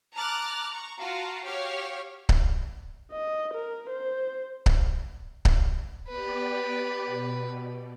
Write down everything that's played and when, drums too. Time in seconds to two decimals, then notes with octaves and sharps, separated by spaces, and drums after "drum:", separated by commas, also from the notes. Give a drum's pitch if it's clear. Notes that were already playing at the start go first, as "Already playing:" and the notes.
0.14 A5 A#5 D6 F6 F#6 A6
0.71 A#5 C#6
1.00 F4 F#4 F5 A5 A#5
1.44 F#4 G4 C#5 F5 G5 F6
2.29 drum: kick C#1
3.12 D#5
3.54 A#4
3.90 C5
4.66 drum: kick C#1
5.45 drum: kick C#1
6.09 B3 G4 B4 D5
7.06 B2